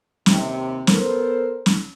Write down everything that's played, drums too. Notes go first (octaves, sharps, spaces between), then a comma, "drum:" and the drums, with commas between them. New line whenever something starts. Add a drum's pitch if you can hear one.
D#2 C3, drum: snare
B3 A4 A#4 C5, drum: snare
drum: snare